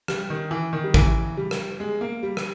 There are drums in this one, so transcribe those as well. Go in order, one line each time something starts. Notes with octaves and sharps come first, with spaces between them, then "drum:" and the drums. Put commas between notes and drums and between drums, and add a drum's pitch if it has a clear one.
G3, drum: rim click
D#3
E3
D#3
G3
E3, drum: kick
G3
drum: rim click
G#3
A#3
G3
drum: rim click